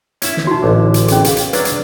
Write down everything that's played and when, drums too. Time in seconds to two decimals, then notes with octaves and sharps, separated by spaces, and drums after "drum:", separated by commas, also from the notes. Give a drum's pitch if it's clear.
0.22 C#4 E4 E5, drum: hi-hat
0.37 drum: snare
0.47 D#4 F#4
0.62 A1 D3
0.94 drum: hi-hat
1.08 C#4 G#4, drum: hi-hat
1.24 G#4 F5, drum: hi-hat
1.37 drum: hi-hat
1.53 F#3 C#4 D4 B4, drum: hi-hat
1.65 drum: hi-hat